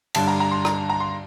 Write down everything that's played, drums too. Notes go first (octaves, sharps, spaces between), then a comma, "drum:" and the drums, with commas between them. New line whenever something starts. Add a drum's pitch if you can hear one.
G2 D3 A5, drum: cymbal
A#5
A#5
C6
A#5, drum: rim click
A#5
C6